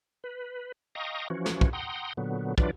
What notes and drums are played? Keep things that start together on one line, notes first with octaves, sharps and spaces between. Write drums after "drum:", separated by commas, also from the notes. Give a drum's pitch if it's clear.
B4
D#5 F5 G5 A#5 C#6 D#6
E3 F3 C#4 F#4
drum: snare
drum: kick
F#5 G5 A#5 C6 D#6
A#2 D3 F#3 B3
E3 F#3 D4 F4 B4 D5, drum: kick